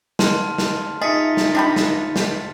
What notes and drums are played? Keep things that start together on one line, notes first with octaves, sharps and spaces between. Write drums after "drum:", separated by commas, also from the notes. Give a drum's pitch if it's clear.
A5 C6 F6, drum: snare
drum: snare
D#4 F4 G#4 D#5 E5 A6 B6 C#7
drum: snare
D4 G4 B5
drum: snare
drum: snare